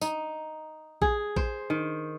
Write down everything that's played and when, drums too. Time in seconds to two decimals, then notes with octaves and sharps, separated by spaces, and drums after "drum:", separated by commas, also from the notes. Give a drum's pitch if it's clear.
0.01 D#4, drum: tambourine
1.02 G#4, drum: kick A#1
1.36 C5, drum: kick A#1
1.70 D#3